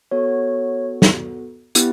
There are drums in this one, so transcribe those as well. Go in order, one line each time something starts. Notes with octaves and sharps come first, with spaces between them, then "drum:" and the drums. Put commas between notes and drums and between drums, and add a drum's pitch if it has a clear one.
B3 F#4 A4 C#5
drum: snare
B3 E4 G4, drum: hi-hat